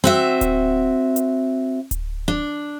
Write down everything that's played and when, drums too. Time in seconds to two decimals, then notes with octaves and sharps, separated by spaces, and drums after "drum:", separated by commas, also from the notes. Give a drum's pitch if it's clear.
0.04 C4 F#4 E5
0.41 drum: kick D1, hi-hat
1.16 drum: hi-hat
1.91 drum: kick D1, hi-hat
2.28 D4